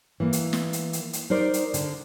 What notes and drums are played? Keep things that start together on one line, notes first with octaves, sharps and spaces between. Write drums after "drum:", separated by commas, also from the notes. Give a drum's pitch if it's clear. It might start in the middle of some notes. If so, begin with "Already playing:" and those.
E3 A#3
drum: hi-hat
drum: snare
drum: hi-hat
drum: hi-hat
drum: hi-hat
D#4 A#4 C5 D5
drum: hi-hat
D3, drum: hi-hat